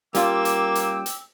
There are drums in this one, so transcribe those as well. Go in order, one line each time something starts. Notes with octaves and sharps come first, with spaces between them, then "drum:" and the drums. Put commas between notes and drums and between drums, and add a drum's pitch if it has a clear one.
G3 A#3 C#4 F4 G5 D6 E6, drum: hi-hat
drum: hi-hat
drum: hi-hat
drum: hi-hat